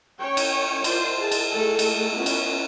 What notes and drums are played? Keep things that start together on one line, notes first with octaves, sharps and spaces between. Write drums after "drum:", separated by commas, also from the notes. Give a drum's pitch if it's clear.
C#4 C#5 G5
drum: cymbal
F4 C5 D5, drum: cymbal
G#4 A5
drum: cymbal
A3 G#4 A4
drum: cymbal
B3 C#4 F4
drum: cymbal